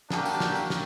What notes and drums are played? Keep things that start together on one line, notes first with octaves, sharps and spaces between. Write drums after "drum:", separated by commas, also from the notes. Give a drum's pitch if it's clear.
A#3 D4 F#4 G4 A4 A#4, drum: snare
drum: tambourine
drum: snare
drum: tambourine
drum: snare